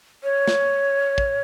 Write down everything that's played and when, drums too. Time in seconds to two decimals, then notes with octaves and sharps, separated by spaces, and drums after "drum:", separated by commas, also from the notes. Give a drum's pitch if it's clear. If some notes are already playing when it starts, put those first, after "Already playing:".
0.24 C#5
0.48 drum: snare
1.18 drum: kick